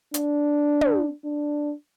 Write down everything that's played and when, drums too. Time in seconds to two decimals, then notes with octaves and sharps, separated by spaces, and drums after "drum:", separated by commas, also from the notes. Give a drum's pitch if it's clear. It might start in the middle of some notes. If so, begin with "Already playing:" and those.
0.14 D4, drum: hi-hat
0.81 drum: tom
1.25 D4